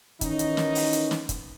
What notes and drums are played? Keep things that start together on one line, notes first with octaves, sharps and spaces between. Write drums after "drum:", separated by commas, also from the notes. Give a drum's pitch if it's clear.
D#3 E3 C#4 D#4, drum: kick, hi-hat
drum: hi-hat
drum: snare
drum: open hi-hat
drum: hi-hat
drum: snare
drum: kick, hi-hat